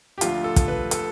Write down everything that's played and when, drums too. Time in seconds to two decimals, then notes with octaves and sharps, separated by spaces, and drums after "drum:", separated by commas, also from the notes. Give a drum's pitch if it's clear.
0.18 G4
0.21 D2 D3 F3 F4, drum: hi-hat
0.44 A4
0.56 drum: kick, hi-hat
0.68 B4
0.91 A4, drum: hi-hat